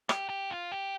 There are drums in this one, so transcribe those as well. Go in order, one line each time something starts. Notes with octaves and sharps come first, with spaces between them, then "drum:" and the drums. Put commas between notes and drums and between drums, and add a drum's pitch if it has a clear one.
G4, drum: rim click
G4
F4
G4